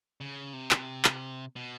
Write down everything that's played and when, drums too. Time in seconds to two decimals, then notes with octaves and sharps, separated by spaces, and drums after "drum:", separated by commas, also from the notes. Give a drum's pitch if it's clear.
0.21 C#3
0.53 C3
0.71 drum: clap
1.05 drum: clap
1.56 B2